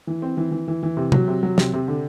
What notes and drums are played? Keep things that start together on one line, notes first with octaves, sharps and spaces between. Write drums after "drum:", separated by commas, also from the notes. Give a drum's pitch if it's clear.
E3
C4
E3
E3
E3
E3
C3
F#3, drum: tom C3
C3
F#3
C3, drum: snare
C3
D3